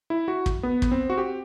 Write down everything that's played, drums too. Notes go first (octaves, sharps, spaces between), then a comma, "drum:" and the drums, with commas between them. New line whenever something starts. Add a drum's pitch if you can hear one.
E4
F#4
drum: kick
B3
drum: kick
C4
F#4
G4